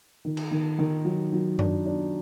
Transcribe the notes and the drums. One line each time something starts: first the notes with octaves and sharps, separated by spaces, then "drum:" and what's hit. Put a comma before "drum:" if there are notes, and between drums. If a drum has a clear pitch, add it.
D#3
drum: cymbal
D#3
D#3
F#3
F#3
D4, drum: tom F#2
D4